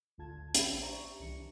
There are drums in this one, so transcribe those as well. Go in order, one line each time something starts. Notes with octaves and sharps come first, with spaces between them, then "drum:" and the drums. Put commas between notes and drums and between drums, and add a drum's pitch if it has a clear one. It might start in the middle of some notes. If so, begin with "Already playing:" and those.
G#1 D2 D3 F4 A5 G#6
A#1 B5 D#7 E7, drum: hi-hat
G4 C5 D5 E5 A#5 C#6
C2 D#3 E3 D4 C#7